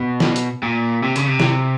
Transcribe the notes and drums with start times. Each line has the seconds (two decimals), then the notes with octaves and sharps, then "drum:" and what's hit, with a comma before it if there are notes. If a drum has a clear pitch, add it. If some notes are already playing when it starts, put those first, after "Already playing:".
Already playing: B2
0.20 drum: snare
0.36 drum: hi-hat
0.63 A#2
1.03 C3
1.16 C#3, drum: hi-hat
1.28 C3
1.40 drum: snare